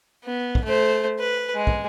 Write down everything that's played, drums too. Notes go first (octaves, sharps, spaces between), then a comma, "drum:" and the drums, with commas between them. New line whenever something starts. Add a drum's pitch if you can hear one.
B3
drum: kick
A3 C5
B4
G#3
drum: kick